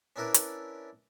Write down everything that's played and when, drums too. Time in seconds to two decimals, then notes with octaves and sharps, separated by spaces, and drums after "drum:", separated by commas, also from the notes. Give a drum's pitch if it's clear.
0.16 C#4 D4 E4 A#4 B4 D5
0.34 drum: hi-hat